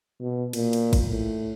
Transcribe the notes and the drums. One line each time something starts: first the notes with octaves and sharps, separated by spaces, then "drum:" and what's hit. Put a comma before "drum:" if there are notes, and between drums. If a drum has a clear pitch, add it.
B2
A#2, drum: cymbal
drum: cymbal
drum: kick, cymbal
A2